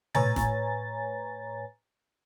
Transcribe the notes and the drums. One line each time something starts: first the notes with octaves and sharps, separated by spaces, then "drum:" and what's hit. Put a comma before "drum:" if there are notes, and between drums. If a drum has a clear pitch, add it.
A2 B4 C#5 G#5 A#5 A6, drum: tom A#2
drum: snare